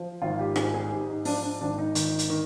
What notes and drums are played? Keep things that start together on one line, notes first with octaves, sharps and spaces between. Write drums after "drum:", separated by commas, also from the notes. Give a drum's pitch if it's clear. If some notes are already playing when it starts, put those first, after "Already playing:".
Already playing: F3
G#1 F4
G4
G#2 G#4, drum: rim click
G#4
G#2 G4
D#4
F3 D4, drum: open hi-hat
D4
G#1 D4
D#4
D#3 D#4, drum: hi-hat
drum: hi-hat
D#3